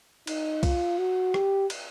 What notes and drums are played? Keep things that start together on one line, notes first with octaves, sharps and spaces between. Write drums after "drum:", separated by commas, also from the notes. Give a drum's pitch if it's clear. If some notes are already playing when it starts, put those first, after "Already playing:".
D#4, drum: cymbal
F4, drum: kick C2, cymbal
F#4
G4, drum: rim click
drum: cymbal